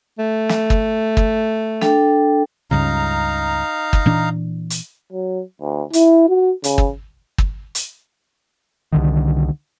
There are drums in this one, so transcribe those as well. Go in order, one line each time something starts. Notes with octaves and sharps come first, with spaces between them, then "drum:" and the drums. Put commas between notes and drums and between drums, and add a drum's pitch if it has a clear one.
A3
drum: snare
drum: kick
drum: kick
D4 A4 G5, drum: snare
C#2 G2 C#3 D#4 F5 A#5
drum: kick
A#2 E3 D4
drum: hi-hat
F#3
D2
E4, drum: hi-hat
F#4
C#3, drum: hi-hat
drum: kick
drum: kick
drum: hi-hat
C2 D3 D#3